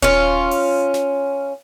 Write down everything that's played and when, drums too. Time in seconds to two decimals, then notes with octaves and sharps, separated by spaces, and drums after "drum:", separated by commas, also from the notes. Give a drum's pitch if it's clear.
0.02 C#4 F4, drum: kick D#1
0.51 drum: open hi-hat
0.94 drum: snare